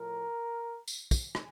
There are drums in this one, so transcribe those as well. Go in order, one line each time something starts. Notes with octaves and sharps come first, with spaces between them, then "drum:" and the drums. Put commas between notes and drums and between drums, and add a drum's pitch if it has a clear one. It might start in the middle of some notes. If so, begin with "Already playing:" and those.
Already playing: A2 F3 A#4
drum: tambourine
drum: kick, tambourine
drum: rim click